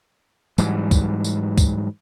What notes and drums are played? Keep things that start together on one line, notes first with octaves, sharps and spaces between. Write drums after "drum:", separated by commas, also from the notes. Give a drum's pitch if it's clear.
G#2 E3 F#3 G3, drum: tambourine
drum: kick, tambourine
drum: tambourine
drum: kick, tambourine